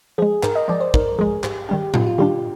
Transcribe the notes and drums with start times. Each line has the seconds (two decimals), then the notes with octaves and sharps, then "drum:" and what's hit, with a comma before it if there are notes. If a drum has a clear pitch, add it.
0.18 F3 G#3 G#4
0.43 G#2 A#4, drum: clap
0.55 D#5
0.68 F3 G#3 D5
0.80 C5
0.94 G#2 A#4, drum: kick
1.19 F3 G#3 G#4
1.44 G#2 G4, drum: clap
1.69 D#3 G3 D4 G4
1.94 G#2 F4, drum: tom A2
2.07 F4
2.18 D#3 G3 D4 G4